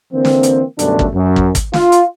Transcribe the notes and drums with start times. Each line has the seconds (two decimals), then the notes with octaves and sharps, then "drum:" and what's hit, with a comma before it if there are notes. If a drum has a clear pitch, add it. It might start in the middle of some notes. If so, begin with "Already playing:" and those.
0.13 D3 E3 A#3 C4
0.25 drum: snare
0.43 drum: hi-hat
0.79 F#2 B2 D3 G3 A3 D4, drum: hi-hat
0.99 drum: kick
1.14 F#2
1.36 drum: kick
1.55 drum: kick, hi-hat
1.73 F4, drum: snare
1.92 drum: hi-hat